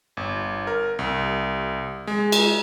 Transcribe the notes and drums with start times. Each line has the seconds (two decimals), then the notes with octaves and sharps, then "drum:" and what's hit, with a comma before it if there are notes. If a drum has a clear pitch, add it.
0.17 G1
0.67 A#4
0.99 C2
2.07 G#3
2.32 drum: cymbal